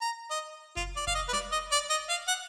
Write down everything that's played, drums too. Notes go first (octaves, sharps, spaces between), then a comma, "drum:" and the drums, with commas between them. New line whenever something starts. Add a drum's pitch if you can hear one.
A#5
D#5
F4, drum: kick F#1
D5
F5, drum: kick F#1
D#5
B4
D5, drum: snare
D#5
D5
D#5
F5
F#5